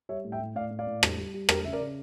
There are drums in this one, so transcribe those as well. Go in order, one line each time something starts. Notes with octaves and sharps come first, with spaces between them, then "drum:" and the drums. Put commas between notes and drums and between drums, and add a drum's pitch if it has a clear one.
G3 C#5 E5
A2
E5 G5
A2
A2 D5 F5
A2
D5 F5
A2
G3, drum: rim click
G3
G3
A3 G4 A#4, drum: rim click
C#3 E5
A#4 D5
C#3